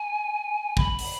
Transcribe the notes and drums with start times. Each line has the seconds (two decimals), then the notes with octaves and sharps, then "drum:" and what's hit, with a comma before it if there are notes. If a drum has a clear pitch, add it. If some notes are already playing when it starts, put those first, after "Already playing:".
Already playing: G#5
0.77 B5, drum: kick
0.99 drum: open hi-hat